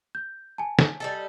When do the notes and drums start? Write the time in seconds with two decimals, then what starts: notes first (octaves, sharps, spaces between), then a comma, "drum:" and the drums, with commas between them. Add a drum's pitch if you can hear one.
0.15 G6
0.58 G#5 A5
0.79 drum: snare
1.00 G3 D#4 A4